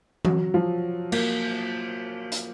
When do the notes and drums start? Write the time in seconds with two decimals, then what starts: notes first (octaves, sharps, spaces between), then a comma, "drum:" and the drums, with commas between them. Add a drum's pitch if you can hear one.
0.25 F#3, drum: tom E3
0.54 F3
1.12 A#3, drum: cymbal
2.32 drum: hi-hat